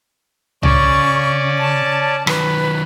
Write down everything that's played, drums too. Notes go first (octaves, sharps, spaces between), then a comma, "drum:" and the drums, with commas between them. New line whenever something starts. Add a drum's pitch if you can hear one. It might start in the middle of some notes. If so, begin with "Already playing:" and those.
C#3 C#4 D5 C#6, drum: tom C2
A5
D#3 F#3 B4, drum: rim click